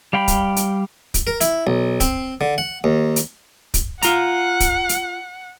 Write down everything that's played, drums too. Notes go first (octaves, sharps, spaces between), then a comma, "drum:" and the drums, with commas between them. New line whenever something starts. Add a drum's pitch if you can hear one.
G3 F5 G5 B5
drum: kick, hi-hat
drum: hi-hat
drum: kick, hi-hat
A#4
E4, drum: hi-hat
B1
C4, drum: kick, hi-hat
D3
F#5
D#2
drum: hi-hat
drum: kick, hi-hat
F4 F#5 A#5, drum: hi-hat
drum: kick, hi-hat
drum: hi-hat